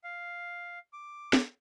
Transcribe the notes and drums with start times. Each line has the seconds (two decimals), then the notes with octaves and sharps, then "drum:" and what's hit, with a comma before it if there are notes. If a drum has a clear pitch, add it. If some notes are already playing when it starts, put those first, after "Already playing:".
0.04 F5
0.93 D6
1.33 drum: snare